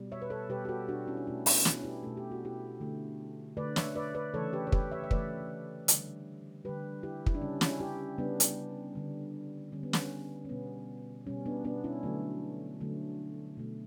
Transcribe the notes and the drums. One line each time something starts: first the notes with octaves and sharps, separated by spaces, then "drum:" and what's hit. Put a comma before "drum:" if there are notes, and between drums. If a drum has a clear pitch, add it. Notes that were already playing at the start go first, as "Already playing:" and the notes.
Already playing: B2 G3
C#5 E5
B4
A4 C#5
B2 G3 G4 B4
G4
F#4 A4
D4 F#4
C#4 E4
D4
B2 A3 C#4 E4
B3 D4, drum: open hi-hat
C#4 E4, drum: snare
E4 G4
B2 A3 A4
G4
F#4
E4 G4
D3 A3
D3 A3 B4 D5
C#5 E5, drum: snare
B4 D5
B4 D5
C#3 E3 A3 A4 C#5
G4 B4
C#5
G4 B4, drum: kick
C#5 E5
E5
C#3 E3 A3 B4 D5, drum: kick
D3 G3, drum: hi-hat
D3 G3 G4 B4
E4 G4
E4, drum: kick
D4
C#3 G3 C#4
C#4 E4, drum: snare
E4 G4
C#3 G3 B3 D4
drum: hi-hat
D3 G3
D3 G3 C#4
B3
C#4, drum: snare
C#4
B2 G3 B3
B2 G3 C#4
B3 D4
B3 D4
C#4 E4
D3 F#3 A3
D3 F#3 A3
B2 A3